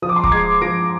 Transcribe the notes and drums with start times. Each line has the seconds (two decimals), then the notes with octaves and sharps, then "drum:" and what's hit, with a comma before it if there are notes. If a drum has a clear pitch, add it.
0.02 F3 D#6
0.09 D6
0.16 C6
0.24 A#5 D6, drum: kick
0.32 G#3 G#6 C7
0.61 F3 A#6 D7